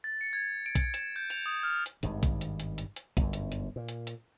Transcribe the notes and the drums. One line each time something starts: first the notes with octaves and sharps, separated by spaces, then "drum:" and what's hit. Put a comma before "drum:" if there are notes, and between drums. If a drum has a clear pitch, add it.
A6
C#7
G#6
D7
drum: kick A#1, hi-hat
E7, drum: hi-hat
G6
F7, drum: hi-hat
D#6
F6
drum: hi-hat
G#1 G2 D#3, drum: hi-hat
drum: kick A#1, hi-hat
drum: hi-hat
drum: hi-hat
drum: hi-hat
drum: hi-hat
G1 F#2, drum: kick A#1, hi-hat
drum: hi-hat
drum: hi-hat
A#2
drum: hi-hat
drum: hi-hat